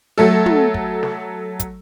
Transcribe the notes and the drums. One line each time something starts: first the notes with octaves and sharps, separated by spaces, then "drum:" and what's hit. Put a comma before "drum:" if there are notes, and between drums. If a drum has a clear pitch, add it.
F#3 A3 A4
drum: tom
drum: kick
drum: snare
drum: kick, hi-hat